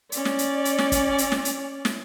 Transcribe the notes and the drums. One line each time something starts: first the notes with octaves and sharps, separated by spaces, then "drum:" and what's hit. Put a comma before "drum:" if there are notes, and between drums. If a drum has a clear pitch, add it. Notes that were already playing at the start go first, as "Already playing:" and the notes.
C#4 D5, drum: hi-hat
drum: snare
drum: hi-hat
drum: hi-hat
drum: snare
drum: kick, hi-hat
drum: hi-hat
drum: snare
drum: hi-hat
drum: snare